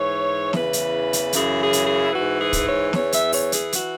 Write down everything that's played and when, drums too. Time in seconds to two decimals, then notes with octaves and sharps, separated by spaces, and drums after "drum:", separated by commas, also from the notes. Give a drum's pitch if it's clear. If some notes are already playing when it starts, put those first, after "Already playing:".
Already playing: G#2 E3 C#5
0.53 E2 C#3 E3 B4, drum: snare
0.73 drum: hi-hat
1.13 drum: hi-hat
1.33 F#2 C#3 E3 G#4, drum: hi-hat
1.60 G#4
1.73 drum: hi-hat
1.86 G#4
2.04 E4
2.13 G#2 E3 F#4
2.39 G#4
2.53 drum: kick, hi-hat
2.66 C#5
2.93 E2 E3 C#5, drum: snare
3.12 E5, drum: hi-hat
3.33 C#5, drum: open hi-hat
3.52 G#4, drum: hi-hat
3.73 E3 F#4, drum: hi-hat